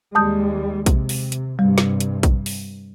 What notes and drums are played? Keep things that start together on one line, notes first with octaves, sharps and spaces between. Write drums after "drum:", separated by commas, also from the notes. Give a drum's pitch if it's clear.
D#2 G3 G#3 A5 D#6 G6
C3, drum: kick A#1, hi-hat
drum: open hi-hat
drum: hi-hat
G2 C3 G3
drum: snare
drum: hi-hat
drum: kick A#1, hi-hat
drum: open hi-hat